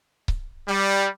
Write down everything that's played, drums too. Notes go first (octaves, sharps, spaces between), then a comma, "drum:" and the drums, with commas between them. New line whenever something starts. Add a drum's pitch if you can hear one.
drum: kick C#1
G3